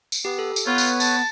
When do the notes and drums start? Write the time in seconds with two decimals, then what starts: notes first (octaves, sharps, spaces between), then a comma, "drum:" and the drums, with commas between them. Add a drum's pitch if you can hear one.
0.12 drum: tambourine
0.25 B3 G4
0.39 A4
0.56 drum: tambourine
0.66 B3 F4 B4 C#5
0.78 drum: tambourine
1.00 A5, drum: tambourine